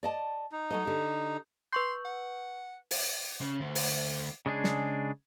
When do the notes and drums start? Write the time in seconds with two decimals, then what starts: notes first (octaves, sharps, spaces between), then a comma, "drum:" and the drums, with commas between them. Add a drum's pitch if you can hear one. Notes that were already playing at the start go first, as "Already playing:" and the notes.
0.03 D5 D#5 A5
0.52 D#4
0.70 F#3 A3 D#5
0.85 D3 G4
1.72 B4 C6 C#6 G6
2.05 F#5
2.91 drum: open hi-hat
3.41 C#3
3.60 D2
3.75 drum: open hi-hat
4.46 C#3 G#3 D4 G#4
4.64 drum: snare